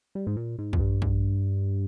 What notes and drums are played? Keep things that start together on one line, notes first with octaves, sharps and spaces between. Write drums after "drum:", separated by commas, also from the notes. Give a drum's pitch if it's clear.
G3
G#2
A#2
G#2
F2, drum: kick
G2
drum: kick